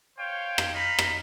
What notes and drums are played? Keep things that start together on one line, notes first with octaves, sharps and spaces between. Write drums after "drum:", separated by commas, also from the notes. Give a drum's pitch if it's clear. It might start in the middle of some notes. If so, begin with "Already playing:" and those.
C5 C#5 F5 G5
drum: rim click
D#4 F5 A#5 B5
drum: rim click